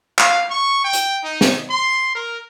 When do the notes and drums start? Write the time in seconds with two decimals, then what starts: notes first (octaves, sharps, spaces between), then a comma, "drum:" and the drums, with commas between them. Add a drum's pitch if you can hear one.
0.18 F5, drum: clap
0.50 C#6
0.84 G5
0.93 drum: hi-hat
1.24 D#4
1.41 drum: snare
1.69 C6
2.15 A#4